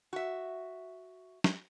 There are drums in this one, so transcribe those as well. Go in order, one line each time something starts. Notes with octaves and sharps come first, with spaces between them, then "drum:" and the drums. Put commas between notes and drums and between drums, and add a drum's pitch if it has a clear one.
F#4 E5
drum: snare